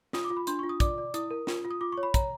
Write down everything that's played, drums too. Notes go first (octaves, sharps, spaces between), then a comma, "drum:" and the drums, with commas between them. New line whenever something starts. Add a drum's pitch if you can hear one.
F4 D#6, drum: snare
D6
F4
B5
D4 C6, drum: hi-hat
F4 C#6
D#6
D5 D6, drum: kick, hi-hat
D5
E4 D#6, drum: hi-hat
A#4
F4, drum: snare
F4
D#6
F4 D6
C#6
C#5
B5
C#5 A#5, drum: kick, hi-hat